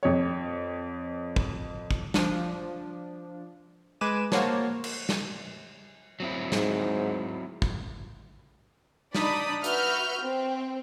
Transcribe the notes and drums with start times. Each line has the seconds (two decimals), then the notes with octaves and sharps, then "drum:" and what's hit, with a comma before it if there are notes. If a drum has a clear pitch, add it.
0.03 F2 C#5
1.36 drum: kick
1.91 drum: kick
2.14 F3 D4, drum: snare
4.01 G#3 B4 G#5 D6 D#7 E7
4.32 A#3 F#4 C5 C#5 A5, drum: snare
4.84 drum: cymbal
5.09 drum: snare
6.20 F#3 C4 E4
6.52 G#2, drum: snare
7.62 drum: kick
9.15 D4 D#4 D5 B5 D#6, drum: snare
9.64 F#4 B4 E5 F6 G6, drum: hi-hat
10.23 C4